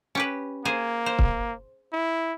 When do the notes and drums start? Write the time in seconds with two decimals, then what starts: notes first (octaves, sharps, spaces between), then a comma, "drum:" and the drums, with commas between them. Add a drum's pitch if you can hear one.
0.15 C#4 G4 B4
0.65 A#3 G#4 C5
1.06 C5
1.19 drum: kick C#1
1.93 E4